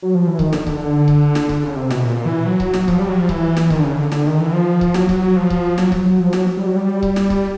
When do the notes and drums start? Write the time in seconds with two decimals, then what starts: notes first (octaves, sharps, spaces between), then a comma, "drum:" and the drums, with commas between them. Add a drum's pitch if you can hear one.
0.02 F#3
0.15 F3
0.27 E3
0.39 D#3, drum: kick C#1
0.53 D3, drum: snare
0.59 D#3
0.67 D3, drum: kick C#1
1.08 drum: kick C#1
1.35 drum: snare
1.49 drum: kick C#1
1.63 C#3
1.76 C3
1.91 B2, drum: snare
2.05 A#2
2.25 E3
2.46 F#3
2.60 drum: kick C#1
2.74 drum: snare
2.88 F3, drum: kick C#1
2.99 G3
3.09 F#3
3.19 F3
3.29 E3, drum: kick C#1
3.57 drum: snare
3.70 D#3, drum: kick C#1
3.79 D3
3.84 C#3
3.98 D3
4.12 D3, drum: snare
4.26 D#3
4.40 E3
4.53 F3
4.81 drum: kick C#1
4.94 F#3, drum: snare
5.09 drum: kick C#1
5.36 F3
5.50 drum: kick C#1
5.78 F#3, drum: snare
5.92 drum: kick C#1
6.06 F#3
6.20 F3
6.33 F#3, drum: snare
6.57 G3
6.66 F#3
6.76 G3
7.02 drum: kick C#1
7.16 drum: snare
7.30 drum: kick C#1